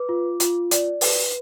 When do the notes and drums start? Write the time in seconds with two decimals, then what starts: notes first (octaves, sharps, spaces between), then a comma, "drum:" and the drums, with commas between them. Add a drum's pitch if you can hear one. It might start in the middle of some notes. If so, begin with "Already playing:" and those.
Already playing: B4 D6
0.09 F4
0.40 F4, drum: hi-hat
0.71 D5, drum: hi-hat
1.01 B4, drum: open hi-hat